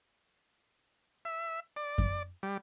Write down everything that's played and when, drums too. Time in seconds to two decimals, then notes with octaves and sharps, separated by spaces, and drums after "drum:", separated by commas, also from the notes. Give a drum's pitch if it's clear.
1.25 E5
1.76 D5
1.98 drum: kick F#2
2.43 G3